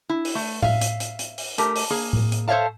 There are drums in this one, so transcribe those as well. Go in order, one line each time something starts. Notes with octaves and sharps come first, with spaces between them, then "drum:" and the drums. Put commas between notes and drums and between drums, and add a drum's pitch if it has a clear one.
E4
drum: open hi-hat
A3
E5 F5, drum: tom A2
drum: hi-hat
drum: hi-hat
drum: hi-hat
drum: open hi-hat
A3 G4 A#4, drum: hi-hat
drum: open hi-hat
A#3 G#4
drum: tom A2
drum: hi-hat
A4 C5 C#5 E5 F5 A5